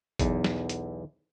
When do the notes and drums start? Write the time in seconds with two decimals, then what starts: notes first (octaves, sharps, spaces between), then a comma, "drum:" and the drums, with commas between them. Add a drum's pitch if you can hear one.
0.19 B1 E2, drum: kick G#1, hi-hat
0.44 drum: snare
0.69 drum: hi-hat